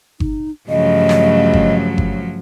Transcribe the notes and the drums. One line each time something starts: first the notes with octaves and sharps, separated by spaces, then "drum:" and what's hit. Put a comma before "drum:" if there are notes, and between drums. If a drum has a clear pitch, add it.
D#4, drum: kick G1
G2 C#3 F3 F#3 A3 D#5
drum: snare
drum: kick G1
drum: kick G1